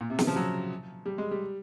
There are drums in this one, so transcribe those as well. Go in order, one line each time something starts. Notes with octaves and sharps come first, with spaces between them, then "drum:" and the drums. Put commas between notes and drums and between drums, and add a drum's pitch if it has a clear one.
A#2
C3
C#3, drum: snare
F3
F#3
G3
G#3
G3